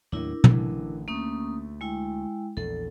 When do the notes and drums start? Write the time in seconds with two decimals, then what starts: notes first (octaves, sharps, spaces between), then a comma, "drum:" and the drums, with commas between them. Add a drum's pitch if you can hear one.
0.12 D#2 A2 F#3 D4 E4 A#4
0.44 A1 D3 E3, drum: tom
1.08 D2 A3 A#3 C#4 D#6
1.81 G#3 E4 G5
2.57 A#1 E2 A4